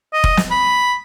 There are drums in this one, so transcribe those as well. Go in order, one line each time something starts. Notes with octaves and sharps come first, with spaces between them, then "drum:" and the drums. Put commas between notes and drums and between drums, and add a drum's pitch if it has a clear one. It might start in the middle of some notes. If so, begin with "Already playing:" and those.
D#5
drum: kick F1
drum: snare
B5